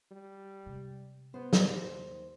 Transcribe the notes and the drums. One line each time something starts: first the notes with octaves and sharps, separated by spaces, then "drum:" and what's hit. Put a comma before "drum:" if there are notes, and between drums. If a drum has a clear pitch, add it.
G3
C3 G#3
B3 C5
drum: snare
D#2